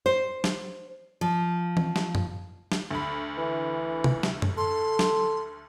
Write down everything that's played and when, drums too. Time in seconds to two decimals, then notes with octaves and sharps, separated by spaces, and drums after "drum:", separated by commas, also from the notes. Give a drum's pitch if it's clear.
0.06 C5
0.44 drum: snare
1.21 F3
1.77 drum: tom E3
1.96 drum: snare
2.15 drum: tom F#2
2.72 drum: snare
2.91 D2 B5
3.38 E3
4.04 drum: tom
4.23 drum: snare
4.42 drum: tom F#2
4.57 A4 C6
4.99 drum: snare